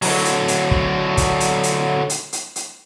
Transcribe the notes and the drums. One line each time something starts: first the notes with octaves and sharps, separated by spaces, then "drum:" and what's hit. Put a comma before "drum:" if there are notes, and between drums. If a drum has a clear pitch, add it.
D3 F#3, drum: open hi-hat
drum: hi-hat
drum: hi-hat
drum: kick
drum: kick, hi-hat
drum: hi-hat
drum: hi-hat
drum: hi-hat
drum: hi-hat
drum: hi-hat